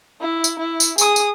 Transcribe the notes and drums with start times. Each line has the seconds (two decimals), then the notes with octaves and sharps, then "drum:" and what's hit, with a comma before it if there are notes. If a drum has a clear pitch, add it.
0.21 E4
0.44 drum: tambourine
0.59 E4
0.80 drum: tambourine
0.98 G#4 D#6, drum: tambourine
1.16 drum: tambourine